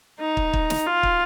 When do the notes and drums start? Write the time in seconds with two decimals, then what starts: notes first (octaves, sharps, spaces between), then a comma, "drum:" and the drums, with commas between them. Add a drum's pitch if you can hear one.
0.20 D#4
0.37 drum: kick
0.53 drum: kick
0.70 drum: snare
0.86 F4
1.03 drum: kick